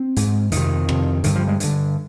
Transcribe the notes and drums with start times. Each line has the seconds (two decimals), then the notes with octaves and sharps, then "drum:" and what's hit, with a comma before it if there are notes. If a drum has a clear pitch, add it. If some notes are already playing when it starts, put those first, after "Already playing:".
Already playing: C4
0.16 G#2, drum: hi-hat
0.52 F2 C3 D#3, drum: hi-hat
0.89 F2 C3, drum: rim click
1.24 G2 D3 D#3, drum: hi-hat
1.35 F3
1.48 G#3
1.60 G2 D3, drum: hi-hat